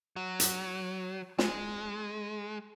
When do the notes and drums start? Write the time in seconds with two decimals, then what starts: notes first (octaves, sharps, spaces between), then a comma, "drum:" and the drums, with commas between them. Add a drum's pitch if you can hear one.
0.16 F#3
0.40 drum: hi-hat
1.39 G#3, drum: snare